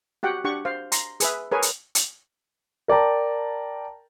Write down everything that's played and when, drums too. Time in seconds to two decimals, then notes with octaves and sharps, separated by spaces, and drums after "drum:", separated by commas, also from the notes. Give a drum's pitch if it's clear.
0.23 F#4 G4 F#5 G5
0.44 D4 G4 F#5 C#6
0.65 C5 F5
0.92 A#5 C6, drum: hi-hat
1.20 G#4 B4 E5, drum: hi-hat
1.51 G#4 A#4 B4 C#5 G#5
1.62 drum: hi-hat
1.95 drum: hi-hat
2.88 A#4 D5 G5 A5 A#5